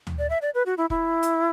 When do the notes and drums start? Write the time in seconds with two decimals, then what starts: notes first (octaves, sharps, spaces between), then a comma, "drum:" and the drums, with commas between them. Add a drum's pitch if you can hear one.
0.07 drum: tom
0.19 D5
0.30 E5
0.42 D5
0.54 B4
0.66 F#4
0.78 E4
0.90 E4, drum: kick
1.23 drum: hi-hat